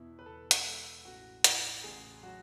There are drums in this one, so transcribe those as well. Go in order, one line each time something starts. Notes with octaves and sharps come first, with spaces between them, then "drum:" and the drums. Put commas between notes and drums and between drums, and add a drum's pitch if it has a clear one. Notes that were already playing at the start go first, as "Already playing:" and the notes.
Already playing: E2 B2 E4
B4
E2 A4
drum: hi-hat
G#3
A1 F#4
A2, drum: hi-hat
A1 G#4
F#3 F#4